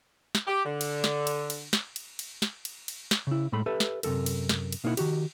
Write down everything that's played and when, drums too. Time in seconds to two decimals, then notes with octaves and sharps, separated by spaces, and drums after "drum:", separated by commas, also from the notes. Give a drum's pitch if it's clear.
0.35 drum: snare
0.47 G4
0.65 D3
0.81 drum: cymbal
1.04 drum: snare
1.27 drum: cymbal
1.50 drum: cymbal
1.73 drum: snare
1.96 drum: cymbal
2.19 drum: cymbal
2.42 drum: snare
2.65 drum: cymbal
2.88 drum: cymbal
3.11 drum: snare
3.27 C#3 E4
3.52 A2 G#3 A3 B5
3.66 G4 A4 B4 E5
3.80 drum: snare
4.03 F#2 C3 F#3 A4 A#4, drum: cymbal
4.26 drum: cymbal
4.49 drum: snare
4.72 drum: cymbal
4.84 B2 A#3 D#4 E4 C5 F#5
4.97 D#3 F#4 G4, drum: cymbal